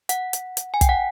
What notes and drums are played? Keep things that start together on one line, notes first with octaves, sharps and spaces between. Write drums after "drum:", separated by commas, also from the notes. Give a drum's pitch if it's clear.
F#5, drum: hi-hat
drum: hi-hat
drum: hi-hat
G#5
G5, drum: kick, hi-hat
F#5